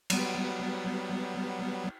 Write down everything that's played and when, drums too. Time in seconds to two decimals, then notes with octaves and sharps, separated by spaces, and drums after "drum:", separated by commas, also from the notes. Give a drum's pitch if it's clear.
0.10 F#3 G3 B3, drum: cymbal